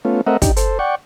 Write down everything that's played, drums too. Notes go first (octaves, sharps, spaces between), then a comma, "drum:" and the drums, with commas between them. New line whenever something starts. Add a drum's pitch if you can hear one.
A3 B3 C#4 F4
A3 C4 A#4 D#5 E5 F#5
D4 D#4 G4, drum: kick, hi-hat
A4 C5, drum: hi-hat
D5 F#5 G5 C#6